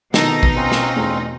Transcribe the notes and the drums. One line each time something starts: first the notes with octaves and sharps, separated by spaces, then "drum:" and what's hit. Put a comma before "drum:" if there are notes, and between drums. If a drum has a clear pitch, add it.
B2 D#3 D#4 E4 A4 A#5, drum: snare
drum: kick
C4 C#4 F4 B4
drum: snare
E2 A2